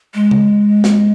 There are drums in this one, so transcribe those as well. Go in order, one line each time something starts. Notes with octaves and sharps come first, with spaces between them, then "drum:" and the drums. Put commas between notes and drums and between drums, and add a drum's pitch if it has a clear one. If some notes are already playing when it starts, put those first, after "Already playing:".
G#3
drum: tom C#3
drum: snare